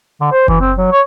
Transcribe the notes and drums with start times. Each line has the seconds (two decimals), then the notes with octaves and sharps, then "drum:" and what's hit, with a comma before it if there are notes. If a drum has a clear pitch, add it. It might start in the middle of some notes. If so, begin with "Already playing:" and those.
0.21 D3
0.32 C5
0.48 E3, drum: kick F#1
0.61 C4
0.78 F#3
0.92 C#5